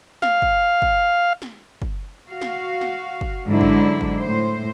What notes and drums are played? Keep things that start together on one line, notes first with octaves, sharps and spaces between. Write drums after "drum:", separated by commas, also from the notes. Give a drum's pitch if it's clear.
F5, drum: snare
drum: kick
drum: kick
drum: snare
drum: kick
F#4 F5
drum: snare
drum: snare
drum: kick
G#2 D3 F#3 G#3 D4 E4
drum: kick
drum: kick
A2 C5